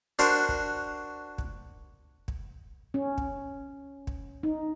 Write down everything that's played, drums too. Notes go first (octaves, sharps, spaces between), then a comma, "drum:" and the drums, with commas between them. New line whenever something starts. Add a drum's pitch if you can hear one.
D4 F#4 A#4 C5
drum: kick
drum: kick
drum: kick
C#4
drum: kick
drum: kick
D#4